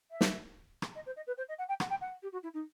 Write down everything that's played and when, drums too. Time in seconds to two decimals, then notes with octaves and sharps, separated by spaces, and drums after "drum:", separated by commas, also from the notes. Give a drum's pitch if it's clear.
0.11 E5
0.21 drum: snare
0.82 drum: rim click
0.95 D#5
1.06 C5
1.16 D#5
1.27 B4
1.37 C5
1.48 D#5
1.58 F#5
1.68 G5
1.80 F#5, drum: rim click
1.90 G5
2.01 F#5
2.22 G4
2.32 F#4
2.43 E4
2.54 D#4